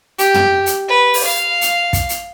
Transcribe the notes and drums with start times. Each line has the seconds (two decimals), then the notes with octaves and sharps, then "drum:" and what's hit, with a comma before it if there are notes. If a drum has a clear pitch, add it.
0.18 G4, drum: hi-hat
0.34 drum: tom
0.66 drum: hi-hat
0.89 B4
1.14 drum: open hi-hat
1.24 F5
1.61 drum: hi-hat
1.93 drum: kick, hi-hat
2.09 drum: hi-hat